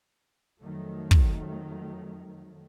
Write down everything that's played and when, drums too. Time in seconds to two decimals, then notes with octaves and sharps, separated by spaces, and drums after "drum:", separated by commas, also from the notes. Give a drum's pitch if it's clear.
0.61 F2 D#3 F#3 A3
1.11 drum: kick